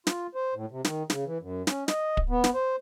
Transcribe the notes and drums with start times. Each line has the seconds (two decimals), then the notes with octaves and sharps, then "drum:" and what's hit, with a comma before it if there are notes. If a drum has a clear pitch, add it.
0.07 F4, drum: snare
0.35 C5
0.55 A2
0.72 C3
0.85 D#3, drum: snare
1.10 C#3, drum: snare
1.26 E3
1.42 F#2
1.67 C#4, drum: snare
1.88 D#5, drum: snare
2.17 drum: kick
2.30 B3
2.44 drum: snare
2.54 C5